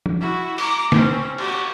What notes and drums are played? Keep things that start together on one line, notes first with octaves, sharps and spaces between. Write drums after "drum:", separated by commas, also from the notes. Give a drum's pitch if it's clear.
drum: tom
E4 F#4
A#5 D6, drum: open hi-hat
C4 C#4, drum: snare
F#4 G4, drum: cymbal